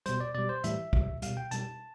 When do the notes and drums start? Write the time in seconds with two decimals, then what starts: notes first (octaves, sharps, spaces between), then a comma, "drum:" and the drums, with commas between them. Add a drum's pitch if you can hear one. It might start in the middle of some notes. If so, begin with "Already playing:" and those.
0.06 B2 G3 C5, drum: hi-hat
0.20 D5
0.35 B2 G3 D5
0.49 C5
0.64 A2 E3 G3 E5, drum: hi-hat
0.93 C3 G3, drum: kick
1.22 B2 G3 F5, drum: hi-hat
1.37 G5
1.51 B2 G3 A5, drum: hi-hat